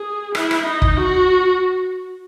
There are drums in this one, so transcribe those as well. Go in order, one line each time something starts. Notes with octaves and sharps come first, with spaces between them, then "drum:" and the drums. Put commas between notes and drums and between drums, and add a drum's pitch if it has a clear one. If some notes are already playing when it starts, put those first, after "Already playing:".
Already playing: G#4
E4, drum: rim click
drum: rim click
D#4
drum: kick
F#4